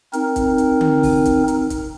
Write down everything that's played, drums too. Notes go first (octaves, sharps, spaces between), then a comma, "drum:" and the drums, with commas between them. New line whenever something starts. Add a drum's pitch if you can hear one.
C4 D#4 A#4, drum: hi-hat
drum: kick, hi-hat
drum: hi-hat
drum: tom D3
drum: kick, open hi-hat
drum: kick, hi-hat
drum: hi-hat
drum: kick, hi-hat